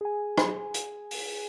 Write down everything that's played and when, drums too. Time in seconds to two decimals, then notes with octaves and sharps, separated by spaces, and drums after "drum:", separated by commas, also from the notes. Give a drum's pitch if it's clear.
0.01 G#4 G#5
0.38 drum: rim click
0.74 drum: hi-hat
1.11 drum: open hi-hat